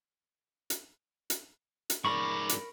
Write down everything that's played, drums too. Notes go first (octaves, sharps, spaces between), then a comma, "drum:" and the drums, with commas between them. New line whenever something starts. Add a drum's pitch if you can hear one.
drum: hi-hat
drum: hi-hat
drum: hi-hat
G#2 A#4 D5 B5 C#6
drum: hi-hat